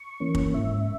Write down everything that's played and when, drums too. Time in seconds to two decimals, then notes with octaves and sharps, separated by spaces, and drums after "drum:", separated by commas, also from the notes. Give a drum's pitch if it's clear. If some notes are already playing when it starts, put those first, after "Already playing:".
Already playing: C#6
0.20 E3 A#3 C#4
0.35 drum: kick
0.54 G#2 E5